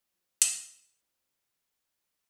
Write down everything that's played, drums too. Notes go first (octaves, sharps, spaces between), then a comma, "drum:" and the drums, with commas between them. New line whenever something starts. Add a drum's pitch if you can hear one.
F3
C4 F4 C5, drum: hi-hat
F3
C4 F4 C5
B2